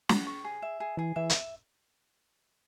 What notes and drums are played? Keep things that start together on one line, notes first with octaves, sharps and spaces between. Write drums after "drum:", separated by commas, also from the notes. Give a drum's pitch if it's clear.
F#5, drum: snare
C#6
G#4
E5
G#4
E3 G#4
E3 E5
drum: hi-hat